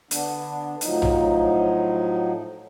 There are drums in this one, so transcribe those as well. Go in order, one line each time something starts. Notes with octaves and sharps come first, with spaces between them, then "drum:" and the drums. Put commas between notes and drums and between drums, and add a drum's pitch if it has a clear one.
D3 B3 D4, drum: hi-hat
A2 F3 F#3 D#4, drum: hi-hat
drum: tom A#1